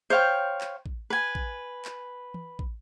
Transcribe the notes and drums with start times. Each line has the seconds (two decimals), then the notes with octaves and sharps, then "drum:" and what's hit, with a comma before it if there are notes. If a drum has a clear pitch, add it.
0.10 C5 C#5 F5 G5
0.61 drum: clap
0.86 drum: kick
1.10 B4 G#5
1.35 drum: kick
1.85 drum: clap
2.34 drum: tom E3
2.59 drum: kick